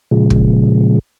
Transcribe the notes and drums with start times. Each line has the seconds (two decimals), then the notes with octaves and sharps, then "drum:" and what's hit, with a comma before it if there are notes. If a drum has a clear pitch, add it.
0.11 A#2 C#3 F3 G#3
0.30 drum: kick